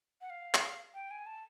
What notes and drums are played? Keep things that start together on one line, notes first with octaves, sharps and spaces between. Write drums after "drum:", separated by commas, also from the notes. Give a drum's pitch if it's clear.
F#5
F5
drum: clap
G5
G#5
A5